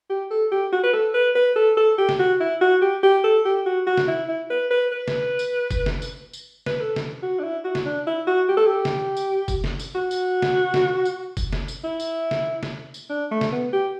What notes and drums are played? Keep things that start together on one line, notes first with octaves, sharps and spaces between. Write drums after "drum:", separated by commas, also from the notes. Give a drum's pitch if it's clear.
G4
A4
G4
F#4
B4
A4
B4
B4
A4
A4
G4
drum: snare
F#4
E4
F#4
G4
G4
A4
G4
F#4
F#4
drum: snare
E4
E4
B4
B4
B4
drum: snare
drum: tambourine
drum: kick F#1, tambourine
drum: snare
drum: tambourine
drum: tambourine
B4, drum: snare
A4
drum: snare
F#4
D4
E4
F#4
drum: snare
D4
E4
F#4
G4
A4
G4
drum: snare
drum: tambourine
drum: kick F#1, tambourine
drum: snare
drum: tambourine
F#4
drum: tambourine
drum: snare
drum: snare
drum: tambourine
drum: kick F#1, tambourine
drum: snare
drum: tambourine
E4
drum: tambourine
drum: snare
drum: snare
drum: tambourine
D4
A3
drum: snare
B3
G4